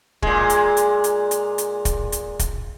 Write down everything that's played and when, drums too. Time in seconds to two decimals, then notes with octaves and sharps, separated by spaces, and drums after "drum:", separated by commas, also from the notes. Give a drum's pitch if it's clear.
0.22 A#2 G#3, drum: kick
0.50 drum: hi-hat
0.77 drum: hi-hat
1.04 drum: hi-hat
1.31 drum: hi-hat
1.58 drum: hi-hat
1.85 drum: kick, hi-hat
2.12 drum: hi-hat
2.39 drum: kick, hi-hat